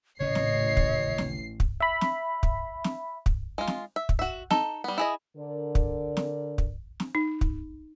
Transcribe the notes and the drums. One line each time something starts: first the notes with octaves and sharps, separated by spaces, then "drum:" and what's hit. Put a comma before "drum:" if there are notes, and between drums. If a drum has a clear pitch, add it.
D#1 A1 C#3 C#4 C#5 D#5 C7
drum: snare
drum: kick
drum: snare
drum: kick
E5 B5
drum: snare
drum: kick
drum: snare
drum: kick
G#3 F4
drum: snare
E5
drum: kick
F#4 E5
D#4 A4, drum: snare
G3 B3
E4 G#4 D#5
D3 A#4 D5
drum: kick
drum: snare
drum: kick
drum: snare
D#4
drum: kick